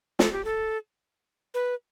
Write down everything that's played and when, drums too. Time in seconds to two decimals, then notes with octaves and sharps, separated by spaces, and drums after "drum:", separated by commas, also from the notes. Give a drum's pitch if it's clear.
0.19 A4, drum: snare
0.32 G4
0.44 A4
1.54 B4